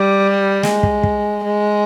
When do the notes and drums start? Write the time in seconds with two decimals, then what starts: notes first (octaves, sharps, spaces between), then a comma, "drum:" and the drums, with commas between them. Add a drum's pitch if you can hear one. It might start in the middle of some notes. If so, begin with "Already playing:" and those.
Already playing: G3
0.63 G#3, drum: snare
0.83 drum: kick
1.03 drum: kick
1.44 G#3